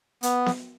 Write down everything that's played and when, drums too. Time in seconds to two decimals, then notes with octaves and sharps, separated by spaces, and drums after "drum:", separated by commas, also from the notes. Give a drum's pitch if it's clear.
0.23 B3, drum: hi-hat
0.46 drum: snare B3